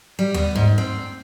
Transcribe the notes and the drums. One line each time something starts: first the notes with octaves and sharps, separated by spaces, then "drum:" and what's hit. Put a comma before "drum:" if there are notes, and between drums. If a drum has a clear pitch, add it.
G3
B3, drum: tom D#2
G#2
C4